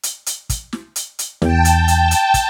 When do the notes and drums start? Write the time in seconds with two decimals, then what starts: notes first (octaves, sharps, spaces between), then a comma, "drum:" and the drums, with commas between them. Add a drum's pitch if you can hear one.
0.03 drum: hi-hat
0.26 drum: hi-hat
0.50 drum: kick, hi-hat
0.73 drum: snare
0.96 drum: hi-hat
1.19 drum: hi-hat
1.42 E2 G5 A5, drum: snare
1.65 drum: hi-hat
1.88 drum: hi-hat
2.11 drum: hi-hat
2.34 drum: kick, hi-hat